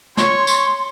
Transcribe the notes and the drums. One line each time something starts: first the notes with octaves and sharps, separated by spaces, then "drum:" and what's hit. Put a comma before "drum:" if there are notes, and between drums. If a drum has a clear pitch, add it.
C#5 C6 C#6, drum: snare
drum: tambourine